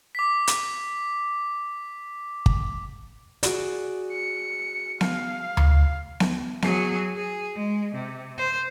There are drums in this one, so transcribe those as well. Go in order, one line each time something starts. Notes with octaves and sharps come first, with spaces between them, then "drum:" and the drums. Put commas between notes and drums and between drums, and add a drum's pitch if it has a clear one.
D6 B6
drum: hi-hat
drum: kick
F#4 G#4 D5, drum: hi-hat
C#7
F5, drum: snare B3
drum: tom D2
drum: snare B3
F#3 G#4, drum: snare B3
G#4
G#3
C3
C5